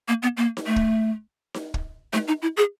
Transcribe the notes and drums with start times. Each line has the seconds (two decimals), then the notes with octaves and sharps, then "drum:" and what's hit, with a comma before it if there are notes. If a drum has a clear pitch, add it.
0.08 A#3
0.23 B3
0.37 A#3
0.57 drum: snare D#4
0.67 A3
0.76 drum: kick
1.54 drum: snare D#4
1.74 drum: kick
2.13 A3, drum: snare D#4
2.28 D#4
2.42 E4
2.57 G#4